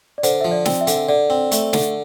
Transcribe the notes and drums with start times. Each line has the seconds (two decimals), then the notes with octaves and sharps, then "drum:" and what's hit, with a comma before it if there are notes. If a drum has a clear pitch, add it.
0.18 D5
0.23 D3 C5, drum: hi-hat
0.41 F3 E5
0.52 D5
0.66 C4, drum: snare
0.81 E5
0.87 D3, drum: hi-hat
1.08 D3 D5
1.30 C4
1.52 A3, drum: hi-hat
1.73 D3, drum: snare